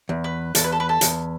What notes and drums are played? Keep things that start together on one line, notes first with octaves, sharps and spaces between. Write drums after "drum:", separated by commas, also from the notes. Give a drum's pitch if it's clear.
E2
B4
E2 A4, drum: hi-hat
B4
A4
B4
A4
E2, drum: hi-hat